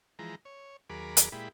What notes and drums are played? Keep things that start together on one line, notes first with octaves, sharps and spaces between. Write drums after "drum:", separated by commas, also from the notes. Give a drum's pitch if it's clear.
E3 F3 G#3 A#5
C#5
D#2 F#3 G#4 A#4 B5 D6
drum: hi-hat
A#2 G#3 E4 G4 B5